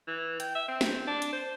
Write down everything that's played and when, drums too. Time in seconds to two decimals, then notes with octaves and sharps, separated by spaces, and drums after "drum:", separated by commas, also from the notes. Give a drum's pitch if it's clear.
0.07 E3
0.40 G5, drum: hi-hat
0.55 E5
0.68 C4
0.81 drum: snare
1.07 D4
1.22 drum: hi-hat
1.33 C5